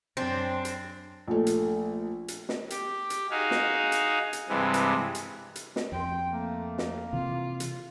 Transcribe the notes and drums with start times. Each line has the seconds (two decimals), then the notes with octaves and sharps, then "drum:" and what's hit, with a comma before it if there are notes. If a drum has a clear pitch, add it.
0.17 F#2 C4 D4
0.65 drum: hi-hat
1.27 A#1 A3
1.47 drum: hi-hat
2.28 drum: hi-hat
2.49 drum: snare
2.70 G4, drum: hi-hat
3.10 drum: hi-hat
3.31 D#4 F#4 G#4 F5
3.51 drum: snare
3.92 drum: hi-hat
4.33 drum: hi-hat
4.48 G2 C3 E3 G#3
4.74 drum: hi-hat
5.15 drum: hi-hat
5.55 drum: hi-hat
5.76 drum: snare
5.92 F2 C4 G5
6.31 A3 A#3
6.78 drum: snare
7.13 C3 E3 F4
7.60 drum: hi-hat